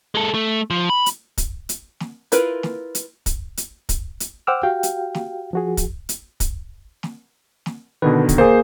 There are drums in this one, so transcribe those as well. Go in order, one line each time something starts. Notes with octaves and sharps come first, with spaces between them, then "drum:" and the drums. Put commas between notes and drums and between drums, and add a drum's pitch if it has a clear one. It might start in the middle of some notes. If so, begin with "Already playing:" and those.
G#3 A4
A3
F3
B5
drum: hi-hat
drum: kick, hi-hat
drum: hi-hat
drum: snare
E4 F4 A#4 B4, drum: hi-hat
drum: snare
drum: hi-hat
drum: kick, hi-hat
drum: hi-hat
drum: kick, hi-hat
drum: hi-hat
C5 F#5 G5 D6 E6 F6
F#4 G4 F5 G5
drum: hi-hat
drum: snare
F3 F#4 G#4
drum: kick, hi-hat
drum: hi-hat
drum: kick, hi-hat
drum: snare
drum: snare
B2 D3 D#3 B4
drum: kick, hi-hat
A#3 G#4 C5